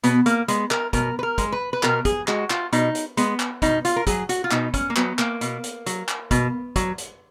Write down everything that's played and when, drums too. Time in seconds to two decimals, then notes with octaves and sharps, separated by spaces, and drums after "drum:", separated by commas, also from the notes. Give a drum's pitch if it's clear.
0.03 B2 B3, drum: hi-hat
0.26 A#3, drum: hi-hat
0.48 G#3 B3, drum: hi-hat
0.71 A#4, drum: clap
0.93 B2 A#4, drum: kick, hi-hat
1.19 B4
1.23 A#4
1.38 G#3, drum: kick, hi-hat
1.52 B4
1.73 B4
1.83 B2 A#4, drum: clap
2.05 G#4, drum: kick, hi-hat
2.28 G#3 F#4, drum: clap
2.50 F4, drum: clap
2.73 B2 D#4, drum: hi-hat
2.95 drum: hi-hat
3.17 G#3 B3, drum: hi-hat
3.40 drum: clap
3.62 B2 D#4, drum: kick, hi-hat
3.85 F4, drum: hi-hat
3.96 A#4
4.07 F#3 G#4, drum: kick, hi-hat
4.29 F#4, drum: hi-hat
4.44 F4
4.51 B2 D#4, drum: clap
4.74 C#4, drum: kick, hi-hat
4.90 A#3
4.96 F#3 B3, drum: clap
5.19 A#3, drum: clap
5.41 B2, drum: hi-hat
5.64 drum: hi-hat
5.86 F#3, drum: hi-hat
6.08 drum: clap
6.31 B2, drum: kick, hi-hat
6.76 F#3, drum: kick, hi-hat
6.98 drum: hi-hat